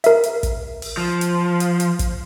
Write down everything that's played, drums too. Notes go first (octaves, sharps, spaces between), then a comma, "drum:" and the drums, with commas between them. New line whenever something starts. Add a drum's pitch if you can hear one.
A#4 E5, drum: hi-hat
drum: hi-hat
drum: kick, hi-hat
drum: open hi-hat
F3
drum: hi-hat
drum: hi-hat
drum: hi-hat
drum: kick, hi-hat